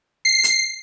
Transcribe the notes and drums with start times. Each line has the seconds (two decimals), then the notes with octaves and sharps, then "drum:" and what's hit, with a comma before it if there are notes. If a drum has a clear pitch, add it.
0.25 C7
0.44 drum: hi-hat